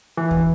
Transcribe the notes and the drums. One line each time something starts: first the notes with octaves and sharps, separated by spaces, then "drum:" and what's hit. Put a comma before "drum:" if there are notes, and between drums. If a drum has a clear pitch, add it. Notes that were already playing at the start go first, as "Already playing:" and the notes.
E3
drum: kick D#2